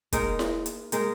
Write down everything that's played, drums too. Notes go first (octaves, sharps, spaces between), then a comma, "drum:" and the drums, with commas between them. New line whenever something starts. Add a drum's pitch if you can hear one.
G#3 A#3 D#4 A#4, drum: kick, hi-hat
drum: snare E4
drum: hi-hat
G#3 A#3 D#4 A#4, drum: hi-hat